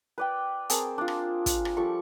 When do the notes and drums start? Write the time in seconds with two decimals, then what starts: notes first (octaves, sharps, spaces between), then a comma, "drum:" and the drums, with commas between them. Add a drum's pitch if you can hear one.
0.18 B4 D5 G5
0.70 C4 G#4 A#4 A5, drum: hi-hat
0.98 D4 F4
1.08 drum: rim click
1.46 drum: kick, hi-hat
1.65 drum: rim click
1.77 F3 G3 A4 C#6